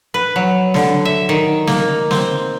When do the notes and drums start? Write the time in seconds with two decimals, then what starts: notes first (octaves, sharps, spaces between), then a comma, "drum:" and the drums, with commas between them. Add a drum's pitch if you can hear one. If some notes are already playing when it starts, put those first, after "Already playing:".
0.14 B4
0.36 F#3
0.74 D3, drum: snare
1.05 E5
1.29 D#3
1.67 A#3, drum: snare
2.11 C4, drum: snare